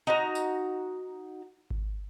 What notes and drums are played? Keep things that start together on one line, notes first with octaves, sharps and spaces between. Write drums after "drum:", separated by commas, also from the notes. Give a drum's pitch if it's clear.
D#4 F#4 A#5
drum: tambourine
drum: kick G#1